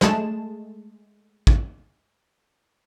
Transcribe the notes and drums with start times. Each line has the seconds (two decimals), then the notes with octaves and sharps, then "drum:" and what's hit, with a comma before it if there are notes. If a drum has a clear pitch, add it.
0.01 G#3 A3 A5 E7, drum: snare
1.47 drum: kick